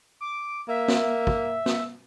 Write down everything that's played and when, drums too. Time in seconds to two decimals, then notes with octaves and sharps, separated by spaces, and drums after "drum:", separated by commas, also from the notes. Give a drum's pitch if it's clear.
0.21 D6
0.69 A#3 E5
0.88 drum: snare
1.27 drum: kick
1.66 drum: snare